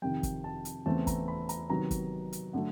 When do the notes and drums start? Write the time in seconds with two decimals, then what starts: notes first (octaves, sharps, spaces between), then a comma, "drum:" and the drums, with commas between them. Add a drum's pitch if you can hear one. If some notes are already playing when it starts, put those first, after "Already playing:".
0.02 F2 C3 D#3 G5
0.23 drum: kick, hi-hat
0.44 A5
0.65 drum: hi-hat
0.86 E2 C#3 E3 A3 C4 A5
1.07 A#5, drum: kick, hi-hat
1.28 B5
1.49 A#5, drum: hi-hat
1.69 C3 D#3 F#3 B3 A#5
1.91 drum: kick, hi-hat
2.33 drum: hi-hat
2.53 D3 F#3 A3 F#5